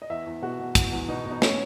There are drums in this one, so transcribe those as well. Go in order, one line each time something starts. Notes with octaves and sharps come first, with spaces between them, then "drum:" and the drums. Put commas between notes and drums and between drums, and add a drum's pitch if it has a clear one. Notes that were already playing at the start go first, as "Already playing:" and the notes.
D#5
E2 E5
E2
B2 F#4
B2
E2, drum: kick, hi-hat
E2
B2 D#4
B2
D#4
C#4, drum: snare